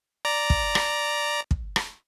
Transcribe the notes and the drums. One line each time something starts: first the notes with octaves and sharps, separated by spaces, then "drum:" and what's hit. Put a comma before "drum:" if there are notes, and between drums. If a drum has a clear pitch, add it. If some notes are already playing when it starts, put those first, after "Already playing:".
D5 A#5
drum: kick
drum: rim click
drum: kick
drum: rim click